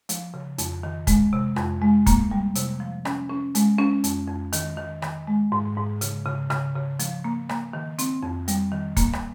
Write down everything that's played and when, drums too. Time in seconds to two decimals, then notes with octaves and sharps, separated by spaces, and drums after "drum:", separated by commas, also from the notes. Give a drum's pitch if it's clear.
0.09 F3, drum: hi-hat
0.34 C#3
0.58 F2, drum: hi-hat
0.83 D#3
1.07 G#3, drum: kick, hi-hat
1.33 C3
1.56 F2, drum: rim click
1.81 G#3
2.06 A#3, drum: kick, hi-hat
2.31 G3
2.55 C3, drum: hi-hat
2.80 F3
3.05 C#4, drum: rim click
3.29 C#4
3.55 G#3, drum: hi-hat
3.78 C#4
4.04 F2, drum: hi-hat
4.28 F2
4.53 D#3, drum: hi-hat
4.77 D#3
5.02 D#3, drum: rim click
5.27 G#3
5.52 G#2
5.77 G#2
6.01 C#3, drum: hi-hat
6.26 C#3
6.50 C#3, drum: rim click
6.75 C#3
6.99 F3, drum: hi-hat
7.24 A#3
7.49 A#3, drum: rim click
7.73 D#3
7.99 C4, drum: hi-hat
8.23 F2
8.48 G3, drum: hi-hat
8.72 D#3
8.97 A#3, drum: kick, hi-hat
9.13 drum: rim click